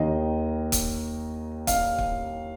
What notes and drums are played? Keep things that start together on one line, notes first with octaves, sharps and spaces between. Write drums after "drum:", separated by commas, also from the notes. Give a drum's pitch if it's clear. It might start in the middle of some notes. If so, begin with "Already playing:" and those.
Already playing: D#2 D#3 D#5
drum: kick, hi-hat
F5, drum: kick, hi-hat
drum: kick